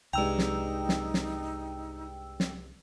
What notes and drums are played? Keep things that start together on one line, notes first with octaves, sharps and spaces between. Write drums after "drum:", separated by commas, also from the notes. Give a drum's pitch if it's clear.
C2 G2 G#3 D#4 G5 A#5 E6
drum: snare
drum: snare
drum: snare
drum: snare